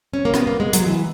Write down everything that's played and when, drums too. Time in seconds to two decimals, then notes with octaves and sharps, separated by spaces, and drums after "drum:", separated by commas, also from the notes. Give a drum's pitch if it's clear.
0.13 C#4
0.25 A#3
0.34 B3, drum: rim click
0.47 A#3
0.60 G#3
0.73 F#3, drum: hi-hat
0.87 E3